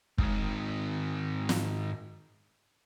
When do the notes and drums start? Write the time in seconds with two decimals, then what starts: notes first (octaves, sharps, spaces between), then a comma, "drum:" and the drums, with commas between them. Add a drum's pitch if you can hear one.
0.18 G#2 D#3, drum: kick
1.49 drum: snare